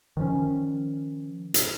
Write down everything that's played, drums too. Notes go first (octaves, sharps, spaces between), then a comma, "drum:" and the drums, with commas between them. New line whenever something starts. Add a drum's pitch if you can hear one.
D#3 F3 C#4
drum: hi-hat